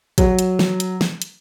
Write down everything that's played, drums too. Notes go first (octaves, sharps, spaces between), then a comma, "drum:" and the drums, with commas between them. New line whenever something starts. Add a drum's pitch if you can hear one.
F#3, drum: kick, hi-hat
drum: hi-hat
drum: snare
drum: hi-hat
drum: snare
drum: hi-hat